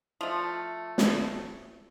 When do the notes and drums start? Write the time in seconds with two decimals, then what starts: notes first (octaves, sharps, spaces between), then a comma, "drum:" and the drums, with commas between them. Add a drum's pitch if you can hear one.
0.21 F3 A3
0.98 drum: snare